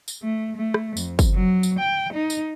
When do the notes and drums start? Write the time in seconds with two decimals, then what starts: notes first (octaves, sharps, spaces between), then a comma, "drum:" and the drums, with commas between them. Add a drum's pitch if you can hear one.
0.08 drum: tambourine
0.23 A3
0.57 A3
0.74 drum: rim click
0.97 F2, drum: tambourine
1.19 drum: kick, tambourine
1.34 F#3
1.63 drum: tambourine
1.79 G5
2.13 D#4
2.30 drum: tambourine